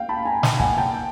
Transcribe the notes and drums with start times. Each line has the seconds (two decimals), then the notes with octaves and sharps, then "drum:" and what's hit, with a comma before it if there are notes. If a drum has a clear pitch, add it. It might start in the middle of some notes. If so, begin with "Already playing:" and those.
Already playing: F5 G5
0.09 A5 B5
0.25 G#5 A#5
0.43 G5 A5, drum: snare
0.60 F#5 G#5, drum: kick
0.77 G5 A5